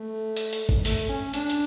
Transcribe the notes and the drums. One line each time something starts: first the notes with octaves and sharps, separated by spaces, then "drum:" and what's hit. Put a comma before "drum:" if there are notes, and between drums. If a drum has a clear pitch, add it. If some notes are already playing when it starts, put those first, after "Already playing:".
Already playing: A3
drum: hi-hat
drum: hi-hat
drum: kick
A3, drum: open hi-hat
C#4
D4, drum: hi-hat
drum: hi-hat